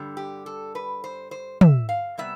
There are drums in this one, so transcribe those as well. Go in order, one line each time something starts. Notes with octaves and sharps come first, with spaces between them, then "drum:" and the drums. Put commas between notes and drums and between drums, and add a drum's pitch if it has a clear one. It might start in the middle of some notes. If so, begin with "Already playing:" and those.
Already playing: G2 D3 G3
G4
A4
B4
C5
C5
E5, drum: tom
F5
C3 G3 B3 E5